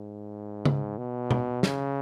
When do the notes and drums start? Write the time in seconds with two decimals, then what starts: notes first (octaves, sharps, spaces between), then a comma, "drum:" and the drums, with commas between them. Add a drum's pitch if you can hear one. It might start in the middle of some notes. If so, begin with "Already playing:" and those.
Already playing: G#2
0.65 drum: tom C#3
0.98 B2
1.31 drum: tom B2
1.63 C#3, drum: snare